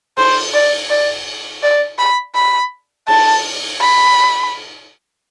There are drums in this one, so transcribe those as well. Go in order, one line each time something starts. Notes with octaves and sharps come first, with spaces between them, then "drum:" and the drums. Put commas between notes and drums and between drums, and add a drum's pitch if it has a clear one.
C5, drum: cymbal
D5
D5
D5
B5
B5
A5, drum: cymbal
B5